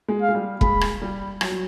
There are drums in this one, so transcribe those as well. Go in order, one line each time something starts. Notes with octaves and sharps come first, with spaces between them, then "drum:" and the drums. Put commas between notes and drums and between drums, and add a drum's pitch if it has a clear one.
G#3
F5
G#3
G3
G#3 B5, drum: kick E1
drum: rim click
G3
F#3, drum: rim click
F#3